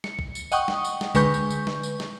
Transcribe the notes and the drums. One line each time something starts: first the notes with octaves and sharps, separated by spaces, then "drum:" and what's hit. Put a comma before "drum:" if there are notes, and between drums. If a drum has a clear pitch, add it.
C#7, drum: snare
drum: kick
drum: tambourine
D#5 F#5 G5 C#6 D#6, drum: tambourine
drum: snare
drum: tambourine
drum: snare
D3 G#3 B4 C#6 G6, drum: kick, tambourine
drum: tambourine
drum: tambourine
drum: snare
drum: tambourine
drum: snare